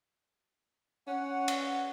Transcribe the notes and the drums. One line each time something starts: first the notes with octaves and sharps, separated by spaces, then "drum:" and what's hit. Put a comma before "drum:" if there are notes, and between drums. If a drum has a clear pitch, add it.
C#4 F#5
drum: cymbal